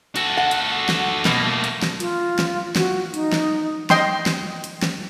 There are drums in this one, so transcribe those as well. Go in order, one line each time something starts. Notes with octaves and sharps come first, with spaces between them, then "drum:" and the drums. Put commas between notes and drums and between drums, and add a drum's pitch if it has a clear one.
F#4 A4, drum: hi-hat
F#5
drum: hi-hat
drum: snare
B2 A3 A#3, drum: snare
drum: hi-hat
drum: snare
F4, drum: hi-hat
drum: snare
F#4, drum: snare
D#4, drum: hi-hat
drum: snare
D#5 G5 C6, drum: snare
drum: snare
drum: hi-hat
drum: snare